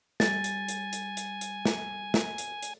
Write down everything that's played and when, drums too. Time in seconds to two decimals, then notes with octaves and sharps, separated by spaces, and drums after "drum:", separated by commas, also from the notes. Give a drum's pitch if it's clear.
0.20 G3 G#5 A6, drum: snare
0.44 drum: hi-hat
0.68 drum: hi-hat
0.93 drum: hi-hat
1.17 drum: hi-hat
1.41 drum: hi-hat
1.65 drum: snare
2.14 drum: snare
2.38 drum: hi-hat
2.63 drum: hi-hat